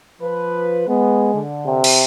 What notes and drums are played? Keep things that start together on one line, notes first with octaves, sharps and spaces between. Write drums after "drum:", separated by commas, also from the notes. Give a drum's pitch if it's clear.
F3 B4
G#3 B3
D3
C3
drum: cymbal